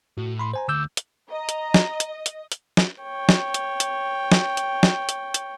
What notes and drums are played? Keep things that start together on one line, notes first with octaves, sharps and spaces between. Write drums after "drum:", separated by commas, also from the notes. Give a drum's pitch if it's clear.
A2 F#4
B5 C6
C5 G#5 A#5
D2 D6 E6 G6
drum: hi-hat
D#5 A#5
drum: hi-hat
drum: snare
drum: hi-hat
drum: hi-hat
drum: hi-hat
drum: snare
C#5 G5
drum: snare
drum: hi-hat
drum: hi-hat
drum: snare
drum: hi-hat
drum: snare
drum: hi-hat
drum: hi-hat